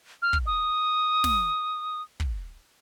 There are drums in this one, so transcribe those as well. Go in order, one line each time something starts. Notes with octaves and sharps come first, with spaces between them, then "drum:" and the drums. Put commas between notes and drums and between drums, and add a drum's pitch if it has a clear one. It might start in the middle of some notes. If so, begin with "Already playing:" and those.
F6
drum: kick
D#6
drum: snare
drum: kick